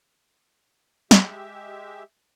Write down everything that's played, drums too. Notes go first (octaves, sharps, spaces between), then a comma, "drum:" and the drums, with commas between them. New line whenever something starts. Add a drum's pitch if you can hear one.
G#3 G4 E5, drum: snare